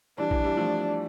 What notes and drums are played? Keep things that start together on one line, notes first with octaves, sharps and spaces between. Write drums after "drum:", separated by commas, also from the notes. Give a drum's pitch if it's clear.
E3 G3 D4
E3, drum: kick A#1
E3 G3
F3 A3